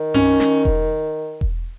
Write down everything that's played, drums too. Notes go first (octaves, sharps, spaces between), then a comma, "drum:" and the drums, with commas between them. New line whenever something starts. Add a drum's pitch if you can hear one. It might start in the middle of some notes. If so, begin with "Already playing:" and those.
Already playing: D#3
C#4, drum: tom F#2
drum: snare
drum: kick E1
drum: kick E1